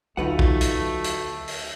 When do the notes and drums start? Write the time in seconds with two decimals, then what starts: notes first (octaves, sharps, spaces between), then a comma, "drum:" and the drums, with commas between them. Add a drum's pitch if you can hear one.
0.17 D2 F#3 A3 D#4 F4 B4 F#5
0.39 drum: kick A#1
0.61 drum: hi-hat
1.04 drum: hi-hat
1.48 drum: open hi-hat